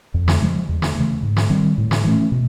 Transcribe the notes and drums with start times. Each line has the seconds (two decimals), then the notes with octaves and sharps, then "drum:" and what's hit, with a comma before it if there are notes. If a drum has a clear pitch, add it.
0.14 F2
0.28 drum: snare
0.41 C#3 F3 G#3
0.69 E2
0.82 drum: snare
0.95 C#3 E3 A3
1.23 G#2
1.37 drum: snare
1.50 D#3 G3 C4
1.78 A2
1.91 drum: snare
2.04 E3 A3 C#4
2.32 B2